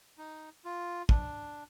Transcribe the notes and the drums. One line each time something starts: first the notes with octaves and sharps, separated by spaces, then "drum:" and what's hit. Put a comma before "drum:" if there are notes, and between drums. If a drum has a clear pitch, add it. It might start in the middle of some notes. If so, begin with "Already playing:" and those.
D#4
F4
D4, drum: kick